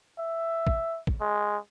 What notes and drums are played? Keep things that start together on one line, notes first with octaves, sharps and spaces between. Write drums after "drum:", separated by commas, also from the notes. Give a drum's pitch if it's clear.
E5
drum: kick
drum: kick
G#3